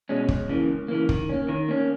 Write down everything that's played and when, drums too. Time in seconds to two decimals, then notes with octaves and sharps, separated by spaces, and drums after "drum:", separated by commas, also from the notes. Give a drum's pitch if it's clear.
0.09 B2 G#3 C#4
0.29 C#2, drum: kick
0.49 C#3 E3 A#3
0.69 C#2
0.88 C#3 E3 A#3
1.09 D#3, drum: kick
1.29 A#3 C#4
1.49 D#3
1.68 A#3 C#4